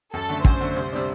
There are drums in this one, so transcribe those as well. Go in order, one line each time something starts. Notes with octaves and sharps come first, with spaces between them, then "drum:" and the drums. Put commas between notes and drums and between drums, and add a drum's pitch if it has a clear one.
F#2 A4
D3 A3
F#2 C5, drum: kick
D3 A3
C2
C3 G3 D4